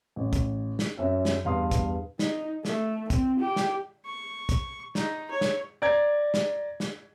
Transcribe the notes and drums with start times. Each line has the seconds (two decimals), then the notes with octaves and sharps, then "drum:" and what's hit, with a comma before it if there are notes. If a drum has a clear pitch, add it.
0.16 A1
0.33 drum: kick, hi-hat
0.79 drum: snare
0.97 F#2 C#4 E5
1.25 drum: snare
1.45 E2 G2 F5 C6 D#6
1.71 drum: kick, hi-hat
2.19 D#4, drum: snare
2.65 A3, drum: snare
3.10 C4, drum: kick, hi-hat
3.40 G4
3.56 drum: snare
4.06 C#6
4.49 drum: kick, hi-hat
4.95 D#4, drum: snare
5.30 C#5
5.41 drum: snare
5.82 D5 A#5 G#6
6.34 drum: snare
6.80 drum: snare